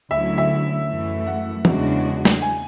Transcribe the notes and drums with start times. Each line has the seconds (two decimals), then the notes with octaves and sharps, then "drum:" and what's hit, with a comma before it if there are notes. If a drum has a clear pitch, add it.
0.11 D2 D3 F#3 C#4 E4 E5
0.38 E5
0.88 F#2 E3 A3
1.27 F#5
1.65 E2 C#3 G#3 D4 F#4, drum: tom E3
2.25 drum: snare
2.42 G#5